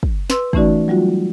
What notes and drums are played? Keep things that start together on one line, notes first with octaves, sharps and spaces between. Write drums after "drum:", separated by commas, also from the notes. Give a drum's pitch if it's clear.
drum: kick
B4 C6 E6, drum: snare
E3 A3 C#4 D#4 F#4 D5, drum: kick
F#3 G3 F4 F#4